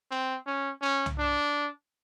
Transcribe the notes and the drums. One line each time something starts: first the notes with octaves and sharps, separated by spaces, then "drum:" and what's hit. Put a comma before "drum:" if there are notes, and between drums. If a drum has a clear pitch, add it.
C4
C#4
C#4
drum: tom C2
D4